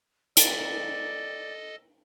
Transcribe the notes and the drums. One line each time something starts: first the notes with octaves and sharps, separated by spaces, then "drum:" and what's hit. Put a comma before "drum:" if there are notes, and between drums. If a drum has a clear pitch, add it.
A4 D5 D#5, drum: hi-hat